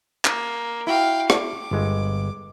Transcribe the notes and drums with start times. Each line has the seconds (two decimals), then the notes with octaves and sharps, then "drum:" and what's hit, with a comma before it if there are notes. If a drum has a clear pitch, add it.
0.25 A#3, drum: clap
0.87 E4 F#4 F5 G5
1.30 D6, drum: rim click
1.71 G1 G#3